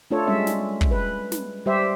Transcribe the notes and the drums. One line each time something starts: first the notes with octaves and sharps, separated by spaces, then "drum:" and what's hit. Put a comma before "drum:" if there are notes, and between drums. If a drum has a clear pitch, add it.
A3 D4 F4 A4 C#5
G3 G#3 C#4 E5
drum: snare
drum: kick
B4
drum: snare
G3 G4 C5 E5